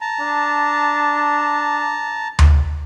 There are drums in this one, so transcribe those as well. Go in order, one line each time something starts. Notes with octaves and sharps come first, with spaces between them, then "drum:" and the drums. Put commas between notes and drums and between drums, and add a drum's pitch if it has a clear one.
A5 A#5
D4
drum: tom D2